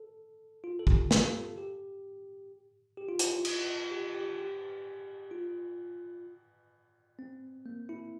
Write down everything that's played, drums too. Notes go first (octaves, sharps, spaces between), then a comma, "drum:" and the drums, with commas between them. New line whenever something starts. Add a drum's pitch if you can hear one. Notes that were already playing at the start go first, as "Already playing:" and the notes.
Already playing: A4
F4
A4
G4, drum: kick
A4, drum: snare
G4
G4
F4
E4, drum: hi-hat
F4
F4, drum: cymbal
G4
G4
G4
F4
C4
A#3
E4